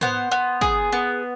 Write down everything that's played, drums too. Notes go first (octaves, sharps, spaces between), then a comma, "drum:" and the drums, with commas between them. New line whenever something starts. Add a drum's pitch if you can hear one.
B3 C5, drum: tom G#2
B3
G#4, drum: kick
B3